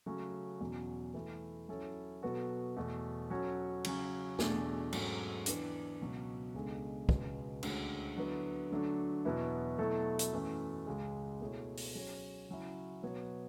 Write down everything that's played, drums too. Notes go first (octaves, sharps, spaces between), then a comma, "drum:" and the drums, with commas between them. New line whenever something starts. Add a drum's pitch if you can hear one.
C#3 F#3 A3 C#4 F#4
E2 B2 F#3 C#4
E3 A3 E4
F#3 C#4 E4 A4 C#5
B2 F#3 B3 F#4 A4
E2 B2 A3
F#3 C#4 F#4 A4 C#5
C#3 F#3 C#4, drum: cymbal
E2 B2 A3 D4 G#4, drum: snare
G#2 F#3 A3 C#4, drum: cymbal
E3 B3 D4, drum: hi-hat
C#2 B2 F#3
C#2 B2 G#3 D4 A4
C#2 B2 G#3 B3, drum: kick
D2 D3 G#3 C#4, drum: cymbal
D3 F#3 B3 E4
D3 F#3 A3 D4
E2 B2 F#3 B3 E4
B2 F#3 A3 E4 A4
drum: hi-hat
F#2 E3 A3
C#2 C#3 G#3
B2 A3 E4 G#4 C#5
drum: open hi-hat
F#3 C#4 G#4 C#5
C#3 F#3 C#4 E4
B2 F#3 B3 F#4 C#5